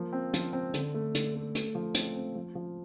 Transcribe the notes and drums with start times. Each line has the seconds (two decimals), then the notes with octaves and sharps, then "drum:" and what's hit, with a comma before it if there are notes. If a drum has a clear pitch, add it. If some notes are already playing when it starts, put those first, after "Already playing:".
Already playing: F3 A#3
0.13 C4
0.34 F3, drum: hi-hat
0.53 C4
0.74 D3, drum: hi-hat
0.94 A3
1.15 D3, drum: hi-hat
1.35 A3
1.55 A3, drum: hi-hat
1.75 F3
1.95 C4, drum: hi-hat
2.15 C4
2.35 F3
2.55 F3